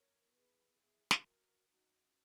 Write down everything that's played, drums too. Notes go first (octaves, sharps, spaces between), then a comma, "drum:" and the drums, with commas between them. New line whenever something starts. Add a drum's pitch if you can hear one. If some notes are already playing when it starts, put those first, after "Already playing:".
Already playing: E3 B3 A#4 C#5
G#4 B4
E4 G#4
drum: snare
F#4 A#4
F#3 C#4 D#4 F#4